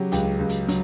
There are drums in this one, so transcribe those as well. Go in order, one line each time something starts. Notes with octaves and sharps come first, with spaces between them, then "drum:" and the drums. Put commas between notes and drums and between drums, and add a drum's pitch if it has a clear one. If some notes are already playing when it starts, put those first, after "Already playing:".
Already playing: C#3 F#3 F#4 G4
C#2 G4, drum: hi-hat
C#2
drum: hi-hat
F#3, drum: hi-hat